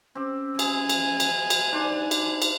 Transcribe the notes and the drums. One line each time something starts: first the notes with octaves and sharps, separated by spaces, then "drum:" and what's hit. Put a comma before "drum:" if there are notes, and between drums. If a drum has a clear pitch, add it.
C4 C#4 G4
G#4 G#5, drum: cymbal
drum: cymbal
drum: cymbal
drum: cymbal
D4 D#4 C5 D5
drum: cymbal
drum: cymbal